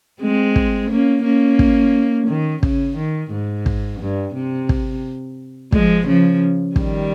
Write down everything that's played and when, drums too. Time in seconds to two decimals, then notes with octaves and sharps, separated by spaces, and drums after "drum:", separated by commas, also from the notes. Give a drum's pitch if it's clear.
0.21 G#3 C4
0.56 drum: kick
0.90 A#3 C#4
1.24 A#3 C#4
1.59 drum: kick
2.27 D#3
2.63 C#3, drum: kick
2.97 D#3
3.32 G#2
3.66 drum: kick
4.00 G2
4.35 C3
4.69 drum: kick
5.72 F3 G#3, drum: kick
6.06 C#3 F3
6.76 D#3 G3, drum: kick